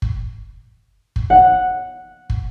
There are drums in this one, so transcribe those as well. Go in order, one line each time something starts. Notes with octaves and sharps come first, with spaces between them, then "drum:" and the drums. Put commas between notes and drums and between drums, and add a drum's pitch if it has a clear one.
drum: kick
drum: kick
F#5
drum: kick